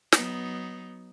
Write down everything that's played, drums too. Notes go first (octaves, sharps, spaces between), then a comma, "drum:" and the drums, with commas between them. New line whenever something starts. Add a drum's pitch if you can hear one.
F#3 B3 D#4, drum: snare